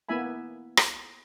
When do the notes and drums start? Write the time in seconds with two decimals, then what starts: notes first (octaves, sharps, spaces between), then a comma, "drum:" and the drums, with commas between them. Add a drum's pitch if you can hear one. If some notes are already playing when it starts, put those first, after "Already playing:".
0.09 A#3 B3 E4 E5 G#5 B5
0.77 drum: rim click